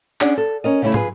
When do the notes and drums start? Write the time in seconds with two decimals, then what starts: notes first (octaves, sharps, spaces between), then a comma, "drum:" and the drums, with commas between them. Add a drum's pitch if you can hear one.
0.21 C#4 D4 G#4 F#5, drum: clap
0.37 A4
0.64 C#4 A#4 D#5
0.82 C#3 G3 A3 C#4 E4
0.94 F4 G#4 B4, drum: tom